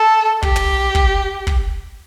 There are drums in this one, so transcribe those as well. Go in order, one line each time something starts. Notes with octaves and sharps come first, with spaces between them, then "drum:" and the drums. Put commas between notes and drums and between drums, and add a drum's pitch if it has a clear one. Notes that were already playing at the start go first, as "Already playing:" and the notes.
Already playing: A4
G4, drum: kick
drum: tom
drum: kick
drum: kick